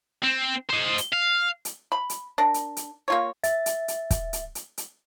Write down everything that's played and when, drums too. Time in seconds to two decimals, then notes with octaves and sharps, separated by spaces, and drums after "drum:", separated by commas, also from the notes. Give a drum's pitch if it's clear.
0.24 C4
0.70 C5 D#5
0.98 drum: hi-hat
1.13 F5
1.65 drum: hi-hat
1.92 B5
2.10 drum: hi-hat
2.38 D4 A#4
2.54 drum: hi-hat
2.77 drum: hi-hat
3.08 A#3 F4 C#5
3.44 E5 A6, drum: hi-hat
3.66 drum: hi-hat
3.88 drum: hi-hat
4.11 drum: kick, hi-hat
4.33 drum: hi-hat
4.55 drum: hi-hat
4.78 drum: hi-hat